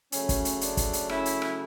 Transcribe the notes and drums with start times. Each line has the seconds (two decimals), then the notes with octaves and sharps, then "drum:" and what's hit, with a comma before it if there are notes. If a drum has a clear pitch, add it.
0.12 C#3 F#3 A3 C#4, drum: hi-hat
0.29 drum: kick, hi-hat
0.45 drum: hi-hat
0.61 D4, drum: hi-hat
0.77 drum: kick, hi-hat
0.93 drum: hi-hat
1.09 C#4 E4, drum: rim click
1.26 drum: hi-hat
1.42 drum: rim click